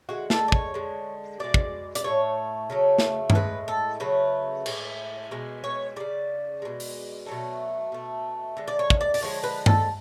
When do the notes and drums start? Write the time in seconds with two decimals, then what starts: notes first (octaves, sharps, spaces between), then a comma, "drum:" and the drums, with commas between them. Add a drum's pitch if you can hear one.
0.09 D3 G#3 F#4
0.30 A4, drum: snare
0.48 D5
0.52 C#5, drum: kick
0.74 D3 G#3
1.40 B2 G#3 D5
1.54 drum: kick
1.95 D5, drum: hi-hat
2.04 A2 F#3 A3 C#5
2.70 C#3 F#3 A3
2.98 drum: snare
3.30 A4, drum: tom G2
3.35 A2 G#3 B4
3.68 A4
4.00 C#3 F#3 A3 B4
4.66 A2 G#3, drum: cymbal
5.31 B2 G#3
5.64 C#5
5.96 C#3 G#3 D5
6.62 B2 G#3
6.80 drum: open hi-hat
7.26 B2 F#3 A3
7.92 B2 A3
8.57 D3 G#3
8.68 D5
8.79 C#5
8.90 drum: kick
9.01 D5
9.14 D5, drum: open hi-hat
9.22 D3 F3 G#3 C#5
9.44 B4
9.66 A4, drum: tom G2